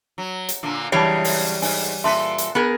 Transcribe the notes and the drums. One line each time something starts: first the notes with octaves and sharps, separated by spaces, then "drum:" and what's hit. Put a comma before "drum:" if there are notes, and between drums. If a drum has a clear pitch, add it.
F#3
drum: hi-hat
A#2 D3 A#3
F#2 C#3 E3 G3 C#5 A5 C7
drum: open hi-hat
G#2 G#5, drum: open hi-hat
A#2 A4 B4 E5 C6
drum: hi-hat
B3 G#4 A#4